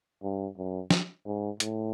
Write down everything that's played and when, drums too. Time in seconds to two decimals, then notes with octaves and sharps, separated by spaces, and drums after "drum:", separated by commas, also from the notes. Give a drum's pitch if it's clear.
0.23 G2
0.58 F#2
0.90 drum: snare
1.26 G#2
1.60 A2, drum: hi-hat